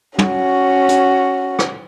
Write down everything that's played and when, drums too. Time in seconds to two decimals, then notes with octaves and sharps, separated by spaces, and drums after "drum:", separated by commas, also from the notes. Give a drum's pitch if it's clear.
0.19 C#4 F#4, drum: tom
0.89 drum: hi-hat
1.59 drum: rim click